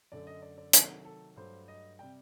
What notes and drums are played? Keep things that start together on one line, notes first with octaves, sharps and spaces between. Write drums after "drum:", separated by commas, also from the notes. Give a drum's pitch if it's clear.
F#2 D3 A3 D5
D#5
D5
D5
C3 D#3 F#3 A3 A#4, drum: hi-hat
A4
G2 F#3 A3 C5
D#5
C3 G3 G5